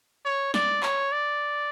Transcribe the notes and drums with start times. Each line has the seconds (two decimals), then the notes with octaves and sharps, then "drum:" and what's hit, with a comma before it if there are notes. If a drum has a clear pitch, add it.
0.25 C#5
0.54 D5, drum: snare
0.83 C#5, drum: clap
1.12 D5